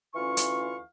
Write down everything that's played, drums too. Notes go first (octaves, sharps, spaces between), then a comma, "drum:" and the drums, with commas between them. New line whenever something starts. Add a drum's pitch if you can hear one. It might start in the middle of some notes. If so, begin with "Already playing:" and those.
D2 E3 C#4 F4 F5 C#6
drum: hi-hat